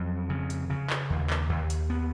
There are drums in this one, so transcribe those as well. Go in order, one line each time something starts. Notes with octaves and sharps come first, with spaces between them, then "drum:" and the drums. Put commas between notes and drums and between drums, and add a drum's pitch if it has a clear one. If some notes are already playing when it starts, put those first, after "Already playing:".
Already playing: F2 F#3
C#3
drum: hi-hat
C#3
drum: clap
D#2
drum: clap
D#2
drum: hi-hat
B3